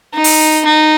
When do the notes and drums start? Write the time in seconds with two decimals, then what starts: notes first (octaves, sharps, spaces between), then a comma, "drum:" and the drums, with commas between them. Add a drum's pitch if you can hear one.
0.14 D#4
0.24 drum: open hi-hat
0.65 D#4